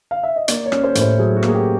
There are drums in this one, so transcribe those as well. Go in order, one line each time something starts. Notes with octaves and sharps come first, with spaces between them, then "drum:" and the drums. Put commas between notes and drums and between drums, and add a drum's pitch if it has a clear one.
F5
E5
D#5
A#3 D5, drum: hi-hat
C#5
C#4, drum: rim click
C5
A2, drum: hi-hat
C5
F#3 G#4
F#4
A#3, drum: rim click
G#4
G4